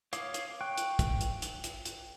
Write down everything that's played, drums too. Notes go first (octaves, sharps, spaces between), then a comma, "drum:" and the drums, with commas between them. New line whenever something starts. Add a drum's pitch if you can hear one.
C#5 F5 D6 D#6, drum: hi-hat
drum: hi-hat
G5 C#6 F#6
drum: hi-hat
drum: kick, hi-hat
drum: hi-hat
drum: hi-hat
drum: hi-hat
drum: hi-hat